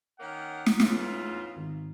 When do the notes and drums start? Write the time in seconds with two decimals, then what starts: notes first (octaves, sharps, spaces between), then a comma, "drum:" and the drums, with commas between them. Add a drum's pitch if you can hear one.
0.19 D#3 A#3 C#4 F#5
0.66 drum: snare
0.80 G#2 C#3 E3 A3 B3 D4 F4, drum: snare
1.56 G#1